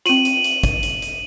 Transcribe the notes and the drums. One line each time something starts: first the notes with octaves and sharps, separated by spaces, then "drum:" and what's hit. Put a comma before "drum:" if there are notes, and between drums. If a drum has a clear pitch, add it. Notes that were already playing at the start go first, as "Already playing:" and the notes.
C4 F4 D#7 F#7, drum: hi-hat
drum: hi-hat
drum: hi-hat
drum: kick, hi-hat
drum: hi-hat
drum: hi-hat